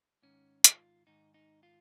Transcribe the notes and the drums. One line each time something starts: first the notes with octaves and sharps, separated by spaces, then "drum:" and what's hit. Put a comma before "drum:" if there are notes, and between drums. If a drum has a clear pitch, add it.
G#2 D#3 C#4
F4, drum: hi-hat
G#2 D#3 D#4
D#4
F4